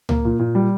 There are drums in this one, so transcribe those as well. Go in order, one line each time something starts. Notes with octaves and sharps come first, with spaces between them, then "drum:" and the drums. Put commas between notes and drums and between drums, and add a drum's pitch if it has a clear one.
A#3, drum: tom C#2
A#2
A#2
G3